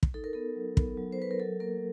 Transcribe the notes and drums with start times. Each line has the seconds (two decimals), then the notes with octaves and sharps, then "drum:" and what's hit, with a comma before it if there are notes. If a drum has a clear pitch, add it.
0.03 drum: kick
0.14 D#4 A4
0.24 A#4
0.33 B3 A4
0.56 F#3
0.77 B3, drum: kick
0.97 F#3
1.13 C5
1.18 F#3 B4
1.31 A#4
1.39 F#3 A4
1.60 A#3 A#4